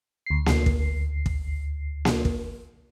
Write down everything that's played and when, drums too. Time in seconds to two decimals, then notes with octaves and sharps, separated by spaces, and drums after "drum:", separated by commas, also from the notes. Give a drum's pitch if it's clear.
0.26 D2 C7
0.46 drum: snare A#3
0.66 drum: kick
1.26 drum: kick
2.05 drum: snare A#3
2.25 drum: kick